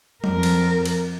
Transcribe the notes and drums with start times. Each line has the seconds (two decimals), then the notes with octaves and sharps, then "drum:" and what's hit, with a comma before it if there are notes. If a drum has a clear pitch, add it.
0.24 F2 A#4, drum: tom
0.43 drum: cymbal
0.85 drum: cymbal